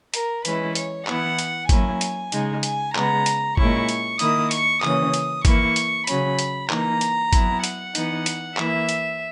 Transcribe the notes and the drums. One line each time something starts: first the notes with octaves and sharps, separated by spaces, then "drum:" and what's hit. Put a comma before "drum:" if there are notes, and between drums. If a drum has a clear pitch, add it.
A#4, drum: hi-hat
E3 G#3 C#4 E4 B4, drum: hi-hat
C#5, drum: hi-hat
E3 B3 E4 F#5, drum: clap
drum: hi-hat
F#3 A#3 C#4 E4 G#5, drum: kick G#1, hi-hat
drum: hi-hat
C#3 G#3 D#4, drum: hi-hat
G#5, drum: hi-hat
C#3 G#3 B3 A#5, drum: clap
drum: hi-hat
A#2 G#3 C#4 E4 C#6, drum: kick G#1
drum: hi-hat
D#3 A#3 E4 D#6, drum: hi-hat
C#6, drum: hi-hat
C#3 E3 A#3 C#4 D#6, drum: clap
drum: hi-hat
E3 A#3 E4 C#6, drum: kick G#1, hi-hat
drum: hi-hat
C#3 F#3 C#4 B5, drum: hi-hat
drum: hi-hat
E3 A#3 D#4 A#5, drum: clap
drum: hi-hat
F#3 B3 E4, drum: kick G#1, hi-hat
F#5, drum: hi-hat
E3 B3 D#4, drum: hi-hat
drum: hi-hat
E3 A#3 E4 E5, drum: clap
drum: hi-hat